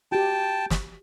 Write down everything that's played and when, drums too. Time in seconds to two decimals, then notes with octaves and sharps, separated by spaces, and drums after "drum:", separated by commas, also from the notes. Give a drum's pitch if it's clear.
0.12 F#4 G4 G5 A5
0.70 drum: snare